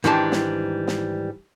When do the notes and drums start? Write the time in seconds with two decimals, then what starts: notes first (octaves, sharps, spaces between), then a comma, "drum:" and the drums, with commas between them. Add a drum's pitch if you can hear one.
0.04 G#2 D#3 E3 G3 D4 A5
0.32 drum: snare
0.87 drum: snare